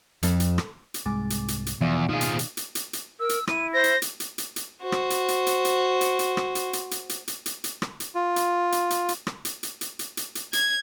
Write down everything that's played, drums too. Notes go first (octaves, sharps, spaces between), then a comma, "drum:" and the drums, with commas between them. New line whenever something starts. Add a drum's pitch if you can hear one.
F2, drum: hi-hat
drum: hi-hat
drum: rim click
drum: hi-hat
C2 G#2 G#3 D6 A6
drum: hi-hat
drum: hi-hat
drum: hi-hat
E2 B2 D3 D#3 F3 D5
B2 D#3 F3 A#3 D#4 G#4 F5
drum: hi-hat
drum: hi-hat
drum: hi-hat
drum: hi-hat
drum: hi-hat
A#4 E6
drum: hi-hat
E4 D#7, drum: rim click
C5 A#6
drum: hi-hat
drum: hi-hat
drum: hi-hat
drum: hi-hat
drum: hi-hat
F#4 C5
drum: rim click
drum: hi-hat
drum: hi-hat
drum: hi-hat
drum: hi-hat
drum: hi-hat
drum: hi-hat
drum: rim click
drum: hi-hat
drum: hi-hat
drum: hi-hat
drum: hi-hat
drum: hi-hat
drum: hi-hat
drum: hi-hat
drum: rim click
drum: hi-hat
F4
drum: hi-hat
drum: hi-hat
drum: hi-hat
drum: hi-hat
drum: rim click
drum: hi-hat
drum: hi-hat
drum: hi-hat
drum: hi-hat
drum: hi-hat
drum: hi-hat
G#6, drum: hi-hat